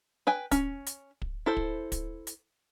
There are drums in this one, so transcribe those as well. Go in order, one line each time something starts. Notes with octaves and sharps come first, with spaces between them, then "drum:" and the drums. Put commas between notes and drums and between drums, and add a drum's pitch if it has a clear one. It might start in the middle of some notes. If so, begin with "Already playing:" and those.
B4 G5 G#5
C#4, drum: kick, hi-hat
drum: hi-hat
drum: kick
E4 A4 C5
drum: kick
drum: kick, hi-hat
drum: hi-hat